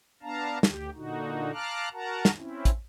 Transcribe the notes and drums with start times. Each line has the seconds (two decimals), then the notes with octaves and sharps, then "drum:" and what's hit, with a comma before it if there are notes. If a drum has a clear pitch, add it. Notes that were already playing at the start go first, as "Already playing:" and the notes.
0.22 B3 D4 F5 A5 A#5
0.63 D2 G4, drum: snare
0.95 A#2 D3 D#4 F#4
1.53 F5 A5 A#5 D6 F6 F#6
1.93 F#4 A#4 F#5 A5 A#5
2.25 drum: snare
2.37 C4 C#4 E4
2.65 drum: kick, hi-hat